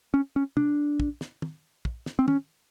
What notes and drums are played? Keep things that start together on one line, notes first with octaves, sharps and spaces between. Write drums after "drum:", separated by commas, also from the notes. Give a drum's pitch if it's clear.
C#4
C#4
D4, drum: tom
drum: kick
drum: snare
drum: tom
drum: kick
drum: snare
C4
C#4, drum: tom